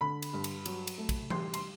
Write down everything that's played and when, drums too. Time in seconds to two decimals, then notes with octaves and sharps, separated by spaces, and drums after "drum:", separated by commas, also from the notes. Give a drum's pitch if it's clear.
0.01 D3 B5
0.22 drum: cymbal
0.33 G2
0.44 drum: cymbal
0.66 F#3, drum: cymbal
0.87 drum: cymbal
0.98 A3
1.09 drum: kick, cymbal
1.30 G3 C6, drum: tom E3
1.54 C6, drum: cymbal